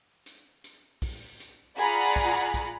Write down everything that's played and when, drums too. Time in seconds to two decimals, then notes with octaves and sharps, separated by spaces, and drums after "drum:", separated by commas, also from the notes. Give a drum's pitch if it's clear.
0.26 drum: hi-hat
0.64 drum: hi-hat
1.02 drum: kick, open hi-hat
1.40 drum: hi-hat
1.78 F4 G#4 D5 F#5 A#5 B5, drum: hi-hat
2.16 drum: kick, hi-hat
2.54 drum: kick, hi-hat